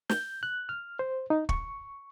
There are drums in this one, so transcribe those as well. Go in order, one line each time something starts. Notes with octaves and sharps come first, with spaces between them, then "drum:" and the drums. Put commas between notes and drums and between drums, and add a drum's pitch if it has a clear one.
G6, drum: snare
F#6
F6
C5
D#4
C#6, drum: kick